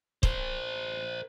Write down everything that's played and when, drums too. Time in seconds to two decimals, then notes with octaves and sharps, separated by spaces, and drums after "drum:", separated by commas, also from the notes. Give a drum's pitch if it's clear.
0.23 A#4 C5, drum: kick